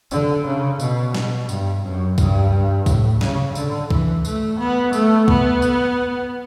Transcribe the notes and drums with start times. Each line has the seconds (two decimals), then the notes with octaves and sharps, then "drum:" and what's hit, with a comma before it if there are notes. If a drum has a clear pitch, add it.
0.11 D3, drum: tambourine
0.46 C#3
0.80 B2, drum: tambourine
1.14 B2, drum: snare
1.49 G2, drum: tambourine
1.83 F#2
2.18 G2, drum: kick C2, tambourine
2.86 A2, drum: kick C2, tambourine
3.21 C#3, drum: snare
3.55 D3, drum: tambourine
3.91 E3, drum: kick C2
4.25 A3, drum: tambourine
4.59 B3
4.93 A3, drum: tambourine
5.28 B3, drum: kick C2
5.62 drum: tambourine